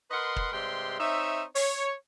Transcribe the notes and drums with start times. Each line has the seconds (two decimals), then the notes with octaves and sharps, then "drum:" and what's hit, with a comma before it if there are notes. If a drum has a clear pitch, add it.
0.11 A#4 B4 D#5 F#5 C6
0.36 drum: kick
0.53 G2 C3 G#3 G5 C6
1.00 C4 D#4 C#5 E5
1.55 C#5, drum: open hi-hat